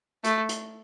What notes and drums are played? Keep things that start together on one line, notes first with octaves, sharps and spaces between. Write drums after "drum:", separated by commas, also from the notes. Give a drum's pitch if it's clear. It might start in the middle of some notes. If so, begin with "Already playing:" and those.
A3, drum: hi-hat
drum: hi-hat